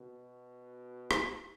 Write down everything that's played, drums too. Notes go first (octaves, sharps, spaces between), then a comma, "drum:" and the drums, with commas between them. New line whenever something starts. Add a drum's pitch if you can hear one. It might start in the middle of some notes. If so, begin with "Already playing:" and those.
Already playing: B2
drum: rim click